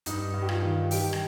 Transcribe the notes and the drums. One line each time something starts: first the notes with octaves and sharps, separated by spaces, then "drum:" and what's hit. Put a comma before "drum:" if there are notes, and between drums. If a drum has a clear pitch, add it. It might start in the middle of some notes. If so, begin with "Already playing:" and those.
G2 D#4, drum: hi-hat
G2
G4
F4, drum: rim click
D#3
D#3 G4, drum: open hi-hat
drum: rim click